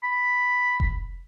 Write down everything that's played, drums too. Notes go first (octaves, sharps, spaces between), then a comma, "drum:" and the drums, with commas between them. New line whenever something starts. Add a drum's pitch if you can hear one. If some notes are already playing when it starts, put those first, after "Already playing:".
B5
drum: kick F1